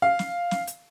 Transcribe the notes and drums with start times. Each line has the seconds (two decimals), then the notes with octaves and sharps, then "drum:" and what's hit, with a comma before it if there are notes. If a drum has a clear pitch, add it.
0.02 F5
0.19 drum: snare
0.51 drum: snare
0.67 drum: hi-hat